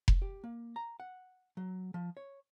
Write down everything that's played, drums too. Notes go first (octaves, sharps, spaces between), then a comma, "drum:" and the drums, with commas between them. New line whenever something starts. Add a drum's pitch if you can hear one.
drum: kick F1
G4
A#3
A#5
F#5
F#3
F3
C#5